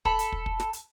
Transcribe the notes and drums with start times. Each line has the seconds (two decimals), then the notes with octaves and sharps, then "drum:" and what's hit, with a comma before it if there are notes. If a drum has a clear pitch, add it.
0.05 A4 B5, drum: kick
0.19 drum: hi-hat
0.32 drum: kick
0.46 drum: kick
0.60 drum: snare
0.73 drum: hi-hat